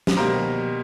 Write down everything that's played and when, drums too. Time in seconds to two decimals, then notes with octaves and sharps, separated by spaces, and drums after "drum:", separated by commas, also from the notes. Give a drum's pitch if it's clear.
0.07 drum: snare
0.17 B2 G3 A#3 A#4 C5